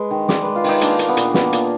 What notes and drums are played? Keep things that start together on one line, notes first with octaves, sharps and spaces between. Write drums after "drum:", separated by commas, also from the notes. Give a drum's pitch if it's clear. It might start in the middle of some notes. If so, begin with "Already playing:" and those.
Already playing: G#3 B4
D#3
G#3 D5, drum: snare
G#3 B4
F4
D#3 D#4, drum: open hi-hat
A#3 D4, drum: hi-hat
A#3, drum: hi-hat
B3
A#2, drum: hi-hat
A#3 B3, drum: snare
A#2, drum: hi-hat